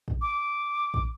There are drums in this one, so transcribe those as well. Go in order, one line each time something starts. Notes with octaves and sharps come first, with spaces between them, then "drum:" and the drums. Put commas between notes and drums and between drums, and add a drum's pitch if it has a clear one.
drum: kick
D6
drum: kick